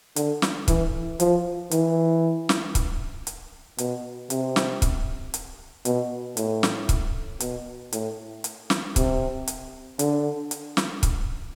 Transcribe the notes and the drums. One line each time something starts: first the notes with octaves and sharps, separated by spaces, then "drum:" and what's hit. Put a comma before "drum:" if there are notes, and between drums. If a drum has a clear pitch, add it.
D3, drum: hi-hat
drum: snare
E3, drum: kick, hi-hat
F3, drum: hi-hat
E3, drum: hi-hat
drum: snare
drum: kick, hi-hat
drum: hi-hat
B2, drum: hi-hat
C3, drum: hi-hat
drum: snare
drum: kick, hi-hat
drum: hi-hat
B2, drum: hi-hat
A2, drum: hi-hat
drum: snare
drum: kick, hi-hat
B2, drum: hi-hat
A2, drum: hi-hat
drum: hi-hat
drum: snare
C3, drum: kick, hi-hat
drum: hi-hat
D3, drum: hi-hat
drum: hi-hat
drum: snare
drum: kick, hi-hat